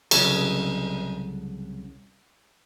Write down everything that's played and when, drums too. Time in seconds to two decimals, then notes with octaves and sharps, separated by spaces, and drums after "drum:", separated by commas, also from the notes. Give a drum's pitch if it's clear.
0.11 C2 C#3 F#3 A4 C#5, drum: cymbal